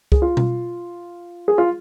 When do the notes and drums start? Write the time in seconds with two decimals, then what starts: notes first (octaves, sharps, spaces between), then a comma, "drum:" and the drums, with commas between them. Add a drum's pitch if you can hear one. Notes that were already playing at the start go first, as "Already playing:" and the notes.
0.12 G#4, drum: kick C2
0.22 F4
0.37 drum: tom B2
1.48 G#4
1.58 F4